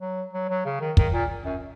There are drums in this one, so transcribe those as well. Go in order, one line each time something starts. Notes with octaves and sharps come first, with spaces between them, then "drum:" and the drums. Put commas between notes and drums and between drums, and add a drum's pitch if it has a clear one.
F#3
F#3
F#3
C#3
D#3
D#3, drum: kick
A#2
F#2